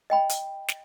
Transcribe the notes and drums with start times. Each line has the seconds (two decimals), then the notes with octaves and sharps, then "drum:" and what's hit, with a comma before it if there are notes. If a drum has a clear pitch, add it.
0.10 D#5 G5 B5
0.29 drum: hi-hat
0.68 drum: snare